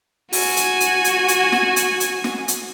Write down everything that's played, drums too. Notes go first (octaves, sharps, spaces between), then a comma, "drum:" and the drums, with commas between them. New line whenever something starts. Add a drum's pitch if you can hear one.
F#4 G#5, drum: open hi-hat
drum: hi-hat
drum: hi-hat
drum: hi-hat
drum: hi-hat
drum: snare
drum: hi-hat
drum: hi-hat
drum: snare
drum: hi-hat